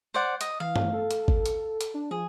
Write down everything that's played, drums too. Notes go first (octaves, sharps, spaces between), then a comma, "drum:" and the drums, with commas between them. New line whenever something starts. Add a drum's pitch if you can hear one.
C5 D5 F#5
D#5, drum: hi-hat
E3 F5
drum: tom
A4
drum: hi-hat
drum: kick G#1
drum: hi-hat
drum: hi-hat
D4
F3 G#4